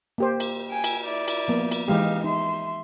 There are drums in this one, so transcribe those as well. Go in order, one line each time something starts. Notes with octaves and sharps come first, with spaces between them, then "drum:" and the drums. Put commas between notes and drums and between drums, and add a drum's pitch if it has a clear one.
A#3 G4 C5
drum: cymbal
G5 G#5
drum: cymbal
E4 D5
drum: cymbal
F3 A#3 B3
drum: cymbal
E3 G#3 D#4 G4 F5
D#4 E5 C6